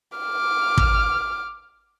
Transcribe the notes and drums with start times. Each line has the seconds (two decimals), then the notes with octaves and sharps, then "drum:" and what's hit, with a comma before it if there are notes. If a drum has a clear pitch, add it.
0.18 D6 F6
0.77 drum: kick